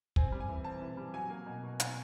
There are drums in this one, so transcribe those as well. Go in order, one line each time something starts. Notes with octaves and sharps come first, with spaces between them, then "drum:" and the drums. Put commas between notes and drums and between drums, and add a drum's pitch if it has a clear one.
C4 G#5, drum: kick
G3
G#5
E3
C4 A5
E3
G3
F#3 G#5
A#3
B2
B2
B2, drum: hi-hat